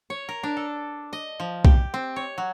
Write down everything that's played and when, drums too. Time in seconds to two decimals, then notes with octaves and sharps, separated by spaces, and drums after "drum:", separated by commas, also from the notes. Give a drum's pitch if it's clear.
0.10 C#5
0.29 A#4
0.43 D4
0.57 A4
1.13 D#5
1.40 F3
1.65 G4, drum: kick B1
1.94 C4
2.16 C#5
2.38 F#3